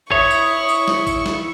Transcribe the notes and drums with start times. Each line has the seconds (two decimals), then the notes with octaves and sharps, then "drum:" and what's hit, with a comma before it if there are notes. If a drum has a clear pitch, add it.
0.12 E4 C#5 E5 C#6 D#6, drum: kick
0.31 drum: tambourine
0.69 drum: tambourine
0.88 drum: snare
1.07 drum: kick, tambourine
1.26 drum: snare